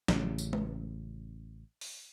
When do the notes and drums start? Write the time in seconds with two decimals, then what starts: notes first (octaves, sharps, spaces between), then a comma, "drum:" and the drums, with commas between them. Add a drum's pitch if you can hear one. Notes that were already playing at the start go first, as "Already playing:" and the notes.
0.08 A1 C#3, drum: snare
0.38 drum: tambourine
0.53 drum: tom G#3
1.81 drum: open hi-hat